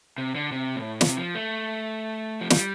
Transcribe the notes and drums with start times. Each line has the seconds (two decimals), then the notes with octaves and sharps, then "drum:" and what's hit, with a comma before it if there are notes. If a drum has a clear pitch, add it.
0.18 C3
0.35 D3
0.52 C3
0.76 A2
1.01 C3, drum: snare
1.17 F3
1.35 A3
2.41 F3
2.50 G3, drum: snare